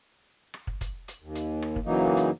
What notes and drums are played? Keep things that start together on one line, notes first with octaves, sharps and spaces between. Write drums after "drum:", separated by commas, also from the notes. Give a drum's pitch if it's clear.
drum: rim click
drum: kick
drum: kick, hi-hat
drum: hi-hat
D#2
drum: hi-hat
drum: rim click
drum: kick
F#2 C#3 E3 F#3 A#3 D#4
drum: hi-hat